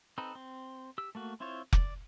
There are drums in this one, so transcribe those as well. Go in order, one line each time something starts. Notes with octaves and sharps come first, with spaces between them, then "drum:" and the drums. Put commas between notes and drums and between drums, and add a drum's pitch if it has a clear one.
C4 D#4 A4 B4
C4
G4 E6
A3 A#3 F#4
C4 E4 F4 C5 C#5
D5, drum: kick F1